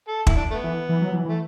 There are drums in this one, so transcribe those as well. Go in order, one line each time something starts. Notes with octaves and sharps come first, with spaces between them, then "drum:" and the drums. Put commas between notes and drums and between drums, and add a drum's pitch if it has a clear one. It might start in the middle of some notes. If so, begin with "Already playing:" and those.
A4
E4, drum: kick
D4
A3
B3
E3
E3
F#3
E3
E3 A3